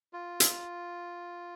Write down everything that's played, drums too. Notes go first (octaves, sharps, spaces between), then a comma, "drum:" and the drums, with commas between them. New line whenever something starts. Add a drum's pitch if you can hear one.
F4
drum: hi-hat